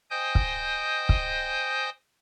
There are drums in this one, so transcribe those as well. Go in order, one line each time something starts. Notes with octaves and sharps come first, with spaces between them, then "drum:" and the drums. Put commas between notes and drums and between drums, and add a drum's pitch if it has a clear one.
C5 D#5 G5 G#5 D#6 G6
drum: kick
drum: kick